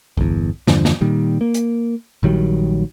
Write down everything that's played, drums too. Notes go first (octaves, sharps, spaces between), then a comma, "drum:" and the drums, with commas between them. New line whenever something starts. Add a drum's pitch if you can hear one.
G1 E2, drum: kick B1
E2 G2 D3 F3, drum: snare
drum: snare
A#2 D#3 G3
A#3
drum: hi-hat
A#1 D#3 F#3 G3